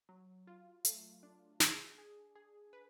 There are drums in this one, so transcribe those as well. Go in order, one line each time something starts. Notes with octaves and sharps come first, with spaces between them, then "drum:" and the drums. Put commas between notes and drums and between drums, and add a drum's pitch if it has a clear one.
F#3
F4
A3, drum: hi-hat
D4
G#4, drum: snare
G#4
G#4
B4